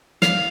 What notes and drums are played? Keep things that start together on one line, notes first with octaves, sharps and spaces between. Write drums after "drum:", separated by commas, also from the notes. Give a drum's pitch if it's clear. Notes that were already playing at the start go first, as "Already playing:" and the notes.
F5, drum: snare